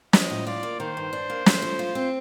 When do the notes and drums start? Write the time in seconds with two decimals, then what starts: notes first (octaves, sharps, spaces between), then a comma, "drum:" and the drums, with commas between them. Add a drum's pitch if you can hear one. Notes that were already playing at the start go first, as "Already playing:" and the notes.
0.13 F3 D#5, drum: snare
0.30 A2
0.47 F4 D5
0.63 A#3
0.80 D#3 C5
0.97 G2
1.13 D4
1.30 A#3
1.46 A3, drum: snare
1.62 F3
1.79 F4
1.95 C4